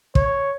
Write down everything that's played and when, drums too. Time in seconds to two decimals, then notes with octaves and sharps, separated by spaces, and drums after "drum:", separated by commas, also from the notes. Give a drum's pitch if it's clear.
0.15 C#5, drum: kick